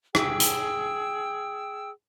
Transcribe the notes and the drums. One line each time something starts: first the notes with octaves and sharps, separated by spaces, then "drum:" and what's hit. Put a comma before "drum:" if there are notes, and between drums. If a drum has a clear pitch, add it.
G#4 G5 E6, drum: rim click
drum: hi-hat